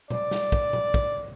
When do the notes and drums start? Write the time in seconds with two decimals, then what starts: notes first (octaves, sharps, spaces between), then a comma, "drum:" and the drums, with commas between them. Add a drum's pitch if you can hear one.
0.10 D5, drum: tom A#2
0.31 drum: snare
0.52 drum: kick
0.73 drum: tom A#2
0.94 drum: kick